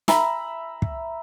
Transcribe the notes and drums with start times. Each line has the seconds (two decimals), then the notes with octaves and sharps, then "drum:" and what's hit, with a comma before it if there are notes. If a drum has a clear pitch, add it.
0.08 E5 A#5 B5, drum: snare
0.82 drum: kick